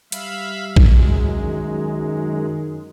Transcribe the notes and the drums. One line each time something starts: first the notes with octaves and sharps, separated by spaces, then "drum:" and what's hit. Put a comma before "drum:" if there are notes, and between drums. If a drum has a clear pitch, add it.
G3 E5 F5 B5, drum: hi-hat
F#2 G#3, drum: kick A#1
D#3